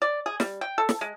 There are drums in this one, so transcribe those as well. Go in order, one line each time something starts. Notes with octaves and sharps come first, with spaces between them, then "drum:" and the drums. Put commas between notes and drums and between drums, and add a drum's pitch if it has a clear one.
D5
G#4
G3, drum: snare
G5
A4
drum: snare
G#3